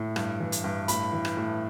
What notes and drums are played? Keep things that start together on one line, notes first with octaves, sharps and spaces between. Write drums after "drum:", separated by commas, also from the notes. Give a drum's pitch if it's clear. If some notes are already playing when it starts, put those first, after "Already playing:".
Already playing: A2
G2, drum: rim click
E3
drum: hi-hat
G2
A2 B5, drum: hi-hat
E3
drum: rim click
A2